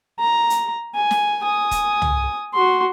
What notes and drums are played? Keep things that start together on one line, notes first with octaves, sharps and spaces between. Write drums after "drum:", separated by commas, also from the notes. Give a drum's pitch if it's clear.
A#5
drum: hi-hat
G#5
drum: snare
G#5 D#6
drum: kick, hi-hat
drum: tom
F#4 C6